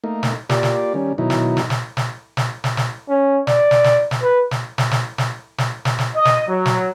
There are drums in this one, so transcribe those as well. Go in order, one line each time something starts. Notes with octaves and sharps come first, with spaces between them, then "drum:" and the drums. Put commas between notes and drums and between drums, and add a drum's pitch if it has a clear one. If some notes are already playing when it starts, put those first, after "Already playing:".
A3 A#3 D#4
drum: snare
A#3 F4 G4 D5, drum: snare
drum: snare
D#3 G3 C#4
B2 D#3 F#3 D#4 E4
drum: snare
drum: snare
drum: snare
drum: snare
drum: snare
drum: snare
drum: snare
C#4
D5, drum: snare
drum: snare
drum: snare
drum: snare
B4
drum: snare
drum: snare
drum: snare
drum: snare
drum: snare
drum: snare
drum: snare
D#5
drum: snare
F#3
drum: snare